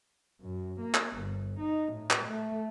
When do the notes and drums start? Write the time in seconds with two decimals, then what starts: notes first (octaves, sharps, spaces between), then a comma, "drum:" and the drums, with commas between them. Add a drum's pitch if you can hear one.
0.41 F#2
0.81 A#3
0.94 drum: clap
1.16 G1
1.60 D#4
1.93 A2
2.10 drum: clap
2.25 A3